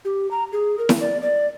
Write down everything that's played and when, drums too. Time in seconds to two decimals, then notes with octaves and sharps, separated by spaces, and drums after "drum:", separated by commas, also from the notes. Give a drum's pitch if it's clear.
0.05 G4
0.31 A#5
0.52 G#4
0.78 A#4
0.89 drum: snare E4
1.01 D5
1.22 D5